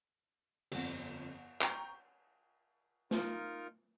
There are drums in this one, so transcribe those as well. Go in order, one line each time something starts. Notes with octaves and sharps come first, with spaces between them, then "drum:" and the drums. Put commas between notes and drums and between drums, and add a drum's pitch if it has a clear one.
G1 F2, drum: cymbal
G5 A#5 C#6 G6, drum: clap
D#4 F4 A#4, drum: snare